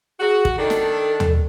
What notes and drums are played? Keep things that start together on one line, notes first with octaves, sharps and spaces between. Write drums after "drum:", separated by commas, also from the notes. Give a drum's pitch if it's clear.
F#4 G#4
drum: kick
D#3 D4 A4
drum: snare
drum: tom